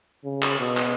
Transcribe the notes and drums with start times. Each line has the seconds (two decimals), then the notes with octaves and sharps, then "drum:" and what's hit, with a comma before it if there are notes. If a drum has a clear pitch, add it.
0.25 C#3
0.42 drum: clap
0.60 B2
0.77 drum: clap